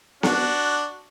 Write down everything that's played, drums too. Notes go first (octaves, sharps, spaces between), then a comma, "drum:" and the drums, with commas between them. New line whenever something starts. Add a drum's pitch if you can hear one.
D4 F#4, drum: snare B3